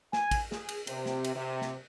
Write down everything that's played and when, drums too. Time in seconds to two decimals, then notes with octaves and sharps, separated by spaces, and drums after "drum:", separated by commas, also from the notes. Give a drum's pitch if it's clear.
0.13 G#5, drum: snare
0.31 drum: kick, cymbal
0.52 G#4, drum: snare
0.69 drum: cymbal
0.87 C3, drum: cymbal
1.06 drum: snare
1.24 drum: cymbal
1.36 C3
1.62 drum: snare